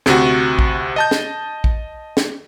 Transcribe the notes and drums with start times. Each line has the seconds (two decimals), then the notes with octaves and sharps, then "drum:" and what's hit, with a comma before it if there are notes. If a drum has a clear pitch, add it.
0.06 D2 C3 F#4, drum: snare
0.59 drum: kick
0.96 D#5 A5 G6
1.11 drum: snare
1.64 drum: kick
2.17 drum: snare